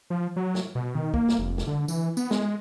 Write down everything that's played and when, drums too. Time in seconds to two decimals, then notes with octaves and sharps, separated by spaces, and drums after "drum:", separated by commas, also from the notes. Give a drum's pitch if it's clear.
0.10 F3
0.36 F#3
0.55 drum: snare
0.75 B2
0.95 D#3
1.14 A#3, drum: kick
1.28 drum: snare
1.39 F1
1.58 drum: snare
1.67 D3
1.88 E3, drum: tambourine
2.17 B3, drum: tambourine
2.31 G#3, drum: snare